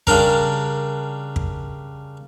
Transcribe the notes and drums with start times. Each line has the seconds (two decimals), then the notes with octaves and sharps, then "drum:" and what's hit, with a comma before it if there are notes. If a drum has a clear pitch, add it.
0.07 C#3 G3 D4 A#4, drum: kick
1.36 drum: kick